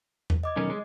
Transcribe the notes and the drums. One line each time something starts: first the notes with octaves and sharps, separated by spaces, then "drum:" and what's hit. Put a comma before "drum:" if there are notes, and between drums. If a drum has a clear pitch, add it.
drum: tom E2
D#5 D6 G#6
B1 D#3 C#4
G#3